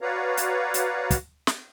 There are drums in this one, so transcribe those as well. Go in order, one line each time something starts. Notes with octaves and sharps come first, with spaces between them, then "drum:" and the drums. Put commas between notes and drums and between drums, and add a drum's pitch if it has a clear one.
F#4 B4 C#5 D5 F5 A#5
drum: hi-hat
drum: hi-hat
drum: kick, hi-hat
drum: snare